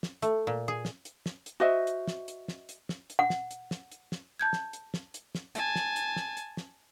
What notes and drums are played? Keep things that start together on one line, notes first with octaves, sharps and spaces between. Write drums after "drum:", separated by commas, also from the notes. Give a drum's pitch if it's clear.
drum: snare
A3, drum: hi-hat
A#2
G#4
drum: snare
drum: hi-hat
drum: snare
drum: hi-hat
F#4 C5 D#5 E5
drum: hi-hat
drum: snare
drum: hi-hat
drum: snare
drum: hi-hat
drum: snare
drum: hi-hat
F#5
drum: snare
drum: hi-hat
drum: snare
drum: hi-hat
drum: snare
A5 G6 G#6
drum: snare
drum: hi-hat
drum: snare
drum: hi-hat
drum: snare
G#5 A5, drum: hi-hat
drum: snare
drum: hi-hat
drum: snare
drum: hi-hat
drum: snare